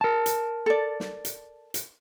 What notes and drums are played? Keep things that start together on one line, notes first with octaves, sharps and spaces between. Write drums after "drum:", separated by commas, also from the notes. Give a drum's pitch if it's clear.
A#4 A5
drum: hi-hat
A4 D5
drum: snare
drum: hi-hat
drum: hi-hat